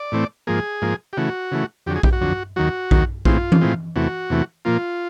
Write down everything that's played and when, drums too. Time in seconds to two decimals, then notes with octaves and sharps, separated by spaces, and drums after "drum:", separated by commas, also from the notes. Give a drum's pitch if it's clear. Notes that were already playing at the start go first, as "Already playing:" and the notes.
Already playing: D5
0.12 A2 E3 A3 C4
0.47 G#2 F3 A#3 G#4
0.82 G#2 F3 A#3
1.13 G4
1.17 C#3 E3 A3 F#4
1.52 C#3 E3 A3
1.86 F2 D3 F#3 G4
1.96 G#4
2.03 G4, drum: kick A#1
2.13 F#4
2.21 F2 D3 F#3
2.56 D#2 D#3 F#3 F#4
2.91 D#2 D#3 F#3, drum: kick A#1
3.25 A2 E3 G#3 C4 F4, drum: kick A#1
3.52 drum: tom E3
3.61 A2 E3 G#3 C4
3.96 E2 C3 E3 A3 F#4
4.30 E2 C3 E3 A3
4.65 A#2 F3 A#3 F4